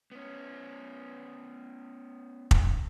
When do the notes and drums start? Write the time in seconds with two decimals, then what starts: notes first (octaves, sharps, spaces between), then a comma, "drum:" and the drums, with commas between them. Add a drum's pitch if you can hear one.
0.12 B3 C#4
2.51 drum: kick